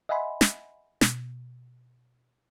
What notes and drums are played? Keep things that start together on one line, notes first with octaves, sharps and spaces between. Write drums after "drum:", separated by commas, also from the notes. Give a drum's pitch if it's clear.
D#5 E5 F#5 G#5 B5 C6
drum: snare
B2, drum: snare